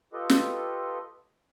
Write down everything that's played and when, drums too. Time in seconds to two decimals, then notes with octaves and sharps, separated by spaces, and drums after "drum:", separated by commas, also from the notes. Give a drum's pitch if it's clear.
0.13 F4 G4 A4 B4 D#5
0.30 drum: snare